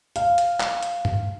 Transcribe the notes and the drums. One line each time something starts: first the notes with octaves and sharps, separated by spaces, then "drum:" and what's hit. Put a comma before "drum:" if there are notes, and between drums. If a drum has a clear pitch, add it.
F5, drum: hi-hat
drum: hi-hat
drum: clap
drum: hi-hat
drum: tom G2